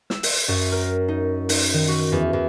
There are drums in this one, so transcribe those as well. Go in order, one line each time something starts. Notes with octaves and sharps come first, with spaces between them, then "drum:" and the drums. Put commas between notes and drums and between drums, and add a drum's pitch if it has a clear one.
E6, drum: snare
drum: open hi-hat
F#2
A#4
D#4
D#4, drum: open hi-hat
D#3
F#4
E2
E2